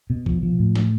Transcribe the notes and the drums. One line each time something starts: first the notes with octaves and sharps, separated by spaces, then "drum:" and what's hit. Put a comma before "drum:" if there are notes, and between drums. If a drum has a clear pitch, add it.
B2
F3, drum: kick B1
F3
A2
A3, drum: snare